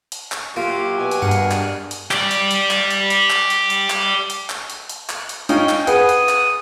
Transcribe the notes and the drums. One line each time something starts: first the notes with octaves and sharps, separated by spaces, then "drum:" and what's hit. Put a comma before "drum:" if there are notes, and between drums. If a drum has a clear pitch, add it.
drum: hi-hat
drum: clap
F#3 A#3 E4 F4 G4
B2 G#5
drum: hi-hat
G2 G#4 A#4 F#5
drum: hi-hat
drum: clap
drum: hi-hat
G4 D5, drum: clap
drum: hi-hat
drum: hi-hat
drum: clap
drum: hi-hat
drum: hi-hat
drum: clap
drum: hi-hat
drum: hi-hat
drum: clap
drum: hi-hat
drum: clap
drum: hi-hat
drum: hi-hat
drum: clap
drum: hi-hat
C#4 D#4 F4 G5, drum: hi-hat
drum: clap
G#4 B4 F#5 D#6, drum: hi-hat
drum: hi-hat
drum: clap